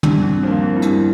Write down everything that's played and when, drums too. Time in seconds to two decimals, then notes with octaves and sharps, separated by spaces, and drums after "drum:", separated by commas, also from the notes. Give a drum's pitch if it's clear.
0.03 G2 D4, drum: tom
0.22 C4
0.43 F3 A#3 D4
0.63 C4
0.77 E4
0.82 G2 D4, drum: hi-hat